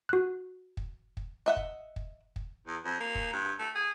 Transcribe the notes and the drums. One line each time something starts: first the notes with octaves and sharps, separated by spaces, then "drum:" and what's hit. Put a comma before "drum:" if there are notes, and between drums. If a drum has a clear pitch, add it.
F#4 F#6
drum: kick
drum: kick
D#5 E5 F#5
drum: kick
drum: kick
drum: kick
E2
F2
A#3
drum: kick
G2
A3
G#4